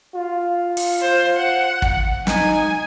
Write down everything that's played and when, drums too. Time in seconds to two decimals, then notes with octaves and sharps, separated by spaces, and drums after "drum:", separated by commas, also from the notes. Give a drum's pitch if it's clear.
0.15 F4
0.77 drum: open hi-hat
1.02 C5
1.37 F#5
1.82 drum: kick
2.27 D#4 G#5, drum: snare